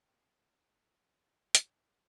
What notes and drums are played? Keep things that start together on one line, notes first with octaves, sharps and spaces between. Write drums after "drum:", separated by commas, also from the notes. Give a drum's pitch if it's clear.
A#3 C4 G4
drum: hi-hat